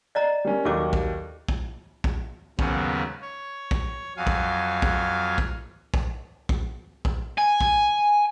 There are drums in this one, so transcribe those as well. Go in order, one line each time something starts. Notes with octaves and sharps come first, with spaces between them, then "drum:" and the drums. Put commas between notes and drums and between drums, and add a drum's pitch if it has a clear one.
D5 D#5 A#5
G3 A#3 C#4
D#2 D#3 F#3 G4 A4 D6
drum: kick
drum: kick
drum: kick
D#2 G#2 C#3 F#3 B3, drum: kick
C#5
drum: kick
F2 F#3 F5 G#5
drum: kick
drum: kick
drum: kick
drum: kick
drum: kick
drum: kick
G#5
drum: kick